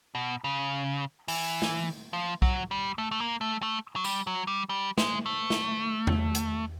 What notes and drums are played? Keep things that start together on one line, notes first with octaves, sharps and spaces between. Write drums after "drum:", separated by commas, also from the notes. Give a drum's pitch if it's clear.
B2
C#3
E3, drum: open hi-hat
drum: snare
F3
F#3, drum: kick B1
G3
A3
A3
A#3
A3
A3
F#3
G3, drum: tambourine
F#3
G3
G3
G#3, drum: snare
A3
drum: snare
drum: tom E2
drum: hi-hat